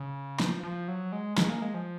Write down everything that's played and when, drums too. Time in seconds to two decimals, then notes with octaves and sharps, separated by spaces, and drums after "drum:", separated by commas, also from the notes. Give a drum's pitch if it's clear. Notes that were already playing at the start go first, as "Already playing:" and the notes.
Already playing: C#3
0.40 F3, drum: snare
0.63 F3
0.88 F#3
1.12 G#3
1.38 G#3, drum: snare
1.50 A#3
1.62 G#3
1.74 F3